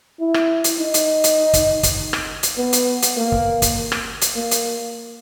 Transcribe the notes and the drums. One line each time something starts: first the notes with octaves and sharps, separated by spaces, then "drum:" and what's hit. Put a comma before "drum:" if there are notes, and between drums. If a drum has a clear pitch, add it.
E4
drum: rim click
drum: hi-hat
D#4
drum: hi-hat
drum: hi-hat
drum: kick, hi-hat
drum: kick, hi-hat
drum: rim click
drum: hi-hat
B3
drum: hi-hat
drum: hi-hat
A#3
drum: kick
drum: kick, hi-hat
drum: rim click
drum: hi-hat
A#3
drum: hi-hat